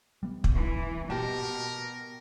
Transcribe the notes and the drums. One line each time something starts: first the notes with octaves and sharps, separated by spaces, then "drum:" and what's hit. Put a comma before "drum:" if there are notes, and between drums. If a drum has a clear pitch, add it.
G3 B3
drum: kick
E3
B2 G4 A#4 A5